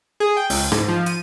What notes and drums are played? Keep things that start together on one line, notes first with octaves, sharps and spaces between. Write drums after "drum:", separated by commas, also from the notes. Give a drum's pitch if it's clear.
G#4
G5
C#2, drum: open hi-hat
G#2, drum: rim click
F3
D#7, drum: hi-hat